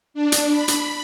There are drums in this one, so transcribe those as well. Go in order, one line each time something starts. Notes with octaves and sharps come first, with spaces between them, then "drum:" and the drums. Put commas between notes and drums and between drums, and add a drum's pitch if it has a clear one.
D4
drum: hi-hat
B5
drum: hi-hat